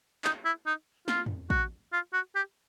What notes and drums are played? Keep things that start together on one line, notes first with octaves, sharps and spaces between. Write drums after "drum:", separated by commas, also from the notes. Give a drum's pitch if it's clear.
D#4, drum: clap
E4
D#4
F4, drum: snare
drum: tom
F#4, drum: kick
F4
F#4
G4